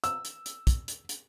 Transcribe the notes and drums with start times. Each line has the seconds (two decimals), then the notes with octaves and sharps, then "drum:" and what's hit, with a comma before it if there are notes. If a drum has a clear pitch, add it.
0.04 E6, drum: hi-hat
0.25 drum: hi-hat
0.46 drum: hi-hat
0.67 drum: kick, hi-hat
0.88 drum: hi-hat
1.09 drum: hi-hat